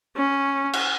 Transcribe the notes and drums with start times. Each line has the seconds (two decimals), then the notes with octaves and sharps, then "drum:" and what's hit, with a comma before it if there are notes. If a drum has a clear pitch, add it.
0.17 C#4
0.73 drum: cymbal